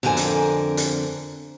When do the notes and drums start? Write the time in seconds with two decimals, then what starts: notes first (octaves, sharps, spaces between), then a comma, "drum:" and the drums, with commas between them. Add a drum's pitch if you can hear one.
0.03 F2 D3 C4 A#4 G#5
0.17 drum: hi-hat
0.77 drum: hi-hat